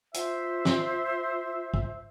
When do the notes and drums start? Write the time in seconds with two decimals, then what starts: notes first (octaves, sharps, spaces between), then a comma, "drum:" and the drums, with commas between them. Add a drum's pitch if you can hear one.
0.14 F4 C5 E5, drum: hi-hat
0.65 drum: snare
1.74 drum: kick